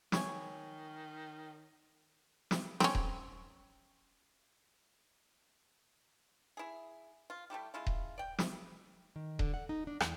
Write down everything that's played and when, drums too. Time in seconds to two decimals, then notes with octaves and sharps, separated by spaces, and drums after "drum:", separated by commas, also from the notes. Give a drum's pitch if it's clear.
0.12 D#3 C#5 G#5, drum: snare
2.51 drum: snare
2.80 C4 C#4, drum: snare
2.95 drum: kick D#1
6.57 E4 G#4
7.30 F4
7.50 G3 A3 E4 G4
7.74 G#3 C#4 E4 F4
7.87 drum: kick D#1
8.18 D5 G5
8.39 drum: snare
9.16 D#3
9.39 D3, drum: kick D#1
9.54 F#5
9.69 D#4
9.87 D4
10.00 E2, drum: rim click